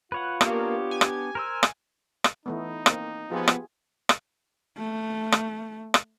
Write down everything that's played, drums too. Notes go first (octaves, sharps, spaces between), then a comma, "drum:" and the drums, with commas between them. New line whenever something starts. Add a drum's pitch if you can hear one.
F4 B4 C#5 F#5
A#3 B3 D4 G4 C#5, drum: rim click
G#5
drum: rim click
A#4 C5 E6
drum: rim click
drum: rim click
E3 A3 B3 D#4
A#3 C4, drum: rim click
F3 B3 F4 G4 G#4
drum: rim click
drum: rim click
A3
drum: rim click
drum: rim click